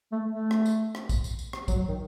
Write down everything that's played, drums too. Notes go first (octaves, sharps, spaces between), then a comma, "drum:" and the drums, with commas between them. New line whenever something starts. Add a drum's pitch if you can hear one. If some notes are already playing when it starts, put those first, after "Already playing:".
A3
A3
drum: rim click
drum: tambourine
drum: rim click
drum: kick A#1, tambourine
drum: tambourine
drum: tambourine
drum: rim click
F#3, drum: kick A#1, tambourine
D#3